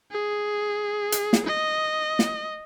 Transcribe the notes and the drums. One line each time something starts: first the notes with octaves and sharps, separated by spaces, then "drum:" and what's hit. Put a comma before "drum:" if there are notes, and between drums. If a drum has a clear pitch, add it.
G#4
drum: hi-hat
drum: snare
D#5
drum: snare